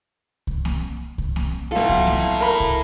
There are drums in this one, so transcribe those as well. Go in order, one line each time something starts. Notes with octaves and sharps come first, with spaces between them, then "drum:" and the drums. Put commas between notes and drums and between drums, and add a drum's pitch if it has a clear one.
drum: kick C2
drum: snare A#3
drum: kick C2
drum: snare A#3
B1 E4 F4 A4 F5
drum: kick C2
drum: snare A#3
A#4 B5
drum: kick C2